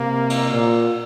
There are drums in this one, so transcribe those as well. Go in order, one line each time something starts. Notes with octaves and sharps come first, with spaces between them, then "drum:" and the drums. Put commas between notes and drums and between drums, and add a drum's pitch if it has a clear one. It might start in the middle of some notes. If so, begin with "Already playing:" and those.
Already playing: C3 A#3
drum: cymbal
A#2